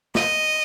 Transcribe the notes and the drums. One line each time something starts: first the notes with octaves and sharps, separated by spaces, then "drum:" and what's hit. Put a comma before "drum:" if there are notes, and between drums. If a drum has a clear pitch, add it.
D#5, drum: snare